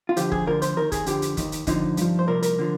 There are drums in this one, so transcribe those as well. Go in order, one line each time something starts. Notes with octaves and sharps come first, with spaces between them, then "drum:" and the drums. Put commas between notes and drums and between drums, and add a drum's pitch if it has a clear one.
F4
D#2 D3 F3 G4, drum: hi-hat
G#4, drum: kick
D2 D3 F3 A#4
C5, drum: hi-hat
D#2 D#3 A#4
G#4, drum: kick, hi-hat
F2 D3 F3 G4, drum: hi-hat
drum: hi-hat
D#2 D#3, drum: kick, hi-hat
drum: hi-hat
D#2 D3 F3 D#4, drum: kick, hi-hat
G2 F3, drum: hi-hat
C5
C2 A#2 F3 A#4
A#4, drum: hi-hat
D3 F3